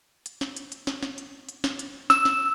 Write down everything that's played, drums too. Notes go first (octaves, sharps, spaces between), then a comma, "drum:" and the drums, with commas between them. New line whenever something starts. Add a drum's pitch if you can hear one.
drum: hi-hat
drum: snare
drum: hi-hat
drum: hi-hat
drum: snare
drum: snare
drum: hi-hat
drum: hi-hat
drum: snare
drum: hi-hat
E6, drum: snare
drum: snare